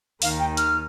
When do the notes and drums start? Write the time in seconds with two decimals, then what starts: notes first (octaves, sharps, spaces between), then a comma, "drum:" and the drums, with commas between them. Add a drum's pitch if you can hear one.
0.22 D#2 D#3 F5, drum: open hi-hat
0.39 G5
0.57 F6, drum: hi-hat